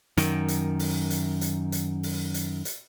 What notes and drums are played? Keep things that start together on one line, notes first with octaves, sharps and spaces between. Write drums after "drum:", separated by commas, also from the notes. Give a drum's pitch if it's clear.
F#2 D#3, drum: hi-hat
drum: hi-hat
drum: open hi-hat
drum: hi-hat
drum: hi-hat
drum: hi-hat
drum: open hi-hat
drum: hi-hat
drum: hi-hat